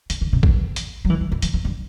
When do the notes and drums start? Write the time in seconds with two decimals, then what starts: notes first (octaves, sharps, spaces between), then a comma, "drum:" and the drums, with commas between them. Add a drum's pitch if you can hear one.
0.10 D3, drum: hi-hat
0.21 D3
0.33 C3
0.43 E3, drum: kick A1
0.76 drum: hi-hat
1.05 F#3
1.10 E3
1.21 D3
1.32 D3
1.42 E3, drum: hi-hat
1.54 E3
1.65 D3